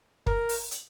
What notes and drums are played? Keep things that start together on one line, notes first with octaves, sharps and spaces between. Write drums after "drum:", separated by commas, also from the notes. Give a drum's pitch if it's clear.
A#4, drum: kick
drum: open hi-hat
drum: hi-hat